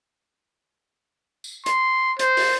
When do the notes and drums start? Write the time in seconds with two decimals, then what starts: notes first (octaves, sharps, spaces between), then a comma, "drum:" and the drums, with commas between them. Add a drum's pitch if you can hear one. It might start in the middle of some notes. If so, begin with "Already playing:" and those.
1.44 drum: tambourine
1.66 C6, drum: hi-hat
2.19 C5, drum: hi-hat
2.37 drum: open hi-hat